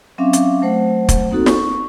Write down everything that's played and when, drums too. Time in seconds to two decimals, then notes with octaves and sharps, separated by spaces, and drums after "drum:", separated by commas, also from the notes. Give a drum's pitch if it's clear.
0.18 F#3 C4 C#4 E5 F5 D6
0.33 drum: hi-hat
0.62 F#3 A3 C5 F#5
1.09 drum: kick, hi-hat
1.31 A#3 C4 D#4 F#4 A4
1.46 C#6, drum: snare